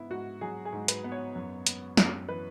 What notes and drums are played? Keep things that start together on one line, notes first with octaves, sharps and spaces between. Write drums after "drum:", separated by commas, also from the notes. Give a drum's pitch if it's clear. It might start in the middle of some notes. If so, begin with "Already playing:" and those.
Already playing: G#2 B3 E4
G#2 F#4
F#3 G#4
G#4
G#2
B4, drum: hi-hat
B3
C#5
F#2
B3, drum: hi-hat
F#2, drum: snare
E3 B4